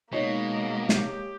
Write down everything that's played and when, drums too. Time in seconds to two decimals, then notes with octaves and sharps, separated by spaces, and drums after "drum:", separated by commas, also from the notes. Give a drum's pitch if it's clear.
0.13 B2 G#3 A#3 D#4 C#5 D#5
0.89 G4, drum: snare